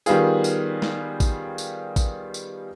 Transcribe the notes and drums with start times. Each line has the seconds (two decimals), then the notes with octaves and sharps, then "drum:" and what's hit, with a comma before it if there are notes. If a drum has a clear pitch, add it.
0.06 D#3 G3 B3 F4 G#4, drum: tambourine
0.44 drum: tambourine
0.82 drum: snare
1.20 drum: kick, tambourine
1.58 drum: tambourine
1.96 drum: kick, tambourine
2.34 drum: tambourine